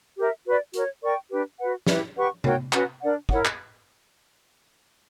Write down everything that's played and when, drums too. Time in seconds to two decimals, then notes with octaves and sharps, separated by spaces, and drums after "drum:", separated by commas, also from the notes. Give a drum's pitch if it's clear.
0.17 G4 A#4 E5
0.45 F#4 B4 D5
0.73 F#4 A#4 C#5, drum: hi-hat
1.02 A#4 D5 G5 C#6
1.31 D4 G4 B4
1.59 F#4 B4 F#5
1.87 E4 G4 B4 E5, drum: snare
2.16 G4 B4 F#5 C#6
2.44 F#4 A#4 C#5 G5, drum: tom C3
2.73 C#4 F#4 B4 F#5, drum: clap
3.00 D4 A#4 D5 F#5
3.29 E4 A#4 C#5 F#5, drum: kick
3.45 drum: clap